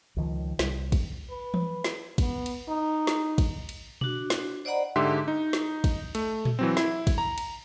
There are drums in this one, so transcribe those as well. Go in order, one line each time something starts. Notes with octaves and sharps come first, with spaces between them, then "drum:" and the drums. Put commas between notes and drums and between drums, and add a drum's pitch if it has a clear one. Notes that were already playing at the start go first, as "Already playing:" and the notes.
C#2 D#3 F3
C2 G3, drum: snare
drum: kick, cymbal
B4
drum: tom E3
drum: snare
B3, drum: kick, cymbal
drum: cymbal
D#4
drum: snare
drum: kick, cymbal
drum: cymbal
D4 F#4, drum: tom B2
drum: snare
C5 D5 D#5 F#5 A#5 B5
G#2 D3 G4 E5 C6
D#4
drum: snare
drum: kick, cymbal
A3, drum: cymbal
drum: tom A#2
E3 F#3 C4
E4, drum: snare
drum: kick, cymbal
A#5
drum: cymbal